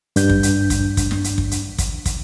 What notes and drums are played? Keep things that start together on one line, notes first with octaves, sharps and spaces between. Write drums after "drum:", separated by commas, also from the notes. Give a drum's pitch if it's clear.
G2 D4 G6, drum: hi-hat
drum: kick
drum: hi-hat
drum: kick, hi-hat
drum: kick, hi-hat
drum: snare
drum: hi-hat
drum: kick
drum: hi-hat
drum: kick, hi-hat
drum: kick, hi-hat